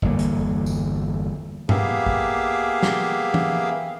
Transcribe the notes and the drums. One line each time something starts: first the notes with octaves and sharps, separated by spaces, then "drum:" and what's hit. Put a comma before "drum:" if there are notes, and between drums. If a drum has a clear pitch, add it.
G1 E2 D3 A#3, drum: kick
drum: hi-hat
drum: tambourine
A#3 B3 G4 G#4 E5 F5, drum: tom G2
drum: kick
drum: snare
drum: tom